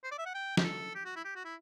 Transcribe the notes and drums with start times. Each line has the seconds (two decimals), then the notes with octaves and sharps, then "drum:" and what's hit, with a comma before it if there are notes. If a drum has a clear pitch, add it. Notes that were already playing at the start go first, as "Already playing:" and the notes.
0.04 C5
0.12 D5
0.19 E5
0.26 F#5
0.34 G5
0.57 G4, drum: snare
0.64 A4
0.95 G4
1.05 F#4
1.16 E4
1.25 G4
1.36 F#4
1.45 E4